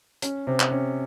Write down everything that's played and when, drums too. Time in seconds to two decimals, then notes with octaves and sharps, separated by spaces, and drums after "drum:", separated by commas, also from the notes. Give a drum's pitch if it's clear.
0.22 C#4, drum: hi-hat
0.47 C3
0.60 drum: clap
0.72 C#4